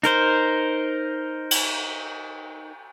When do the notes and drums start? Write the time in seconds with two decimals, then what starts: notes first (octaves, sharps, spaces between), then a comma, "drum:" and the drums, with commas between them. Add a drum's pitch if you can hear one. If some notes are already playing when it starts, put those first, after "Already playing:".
0.03 D#4 A#4 C5, drum: hi-hat
1.51 drum: cymbal